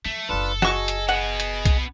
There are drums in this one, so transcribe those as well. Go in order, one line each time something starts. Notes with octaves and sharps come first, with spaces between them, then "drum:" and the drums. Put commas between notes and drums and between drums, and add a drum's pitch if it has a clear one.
F3 F#3 A3
F#1 D4 E4 F4 A4 B4
F#4 G#4 D#5 C#6, drum: snare
drum: hi-hat
B2 B3 F#5
drum: hi-hat
drum: kick B1, hi-hat